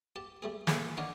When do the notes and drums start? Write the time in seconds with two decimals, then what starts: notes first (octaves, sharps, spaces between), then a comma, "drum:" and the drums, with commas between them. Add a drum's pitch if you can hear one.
0.16 G4 A5
0.42 G3 A3 G#4
0.67 A2 D#3 A#3 F4 G#4, drum: snare
0.97 D4 D#4 A#4 C#5 D5 F#5